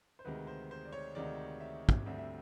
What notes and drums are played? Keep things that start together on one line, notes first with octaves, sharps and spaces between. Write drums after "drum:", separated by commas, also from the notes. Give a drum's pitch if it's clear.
C5
D2 C3 D#3 G#3 B4
C5
C5
D5
C#5
D2 C3 D#3 G#3 D5
E5
drum: kick
D2 D3 G3 C4 E5
E5